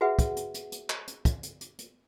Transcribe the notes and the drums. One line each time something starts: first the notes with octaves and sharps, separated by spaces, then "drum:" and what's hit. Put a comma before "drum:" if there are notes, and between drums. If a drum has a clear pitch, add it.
F#4 G#4 B4 E5 F#5
drum: kick, hi-hat
drum: hi-hat
drum: hi-hat
drum: hi-hat
drum: clap
drum: hi-hat
drum: kick, hi-hat
drum: hi-hat
drum: hi-hat
drum: hi-hat